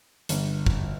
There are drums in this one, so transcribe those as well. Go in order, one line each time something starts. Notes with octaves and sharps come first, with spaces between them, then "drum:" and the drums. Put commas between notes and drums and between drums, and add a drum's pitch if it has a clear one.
G1, drum: hi-hat
drum: kick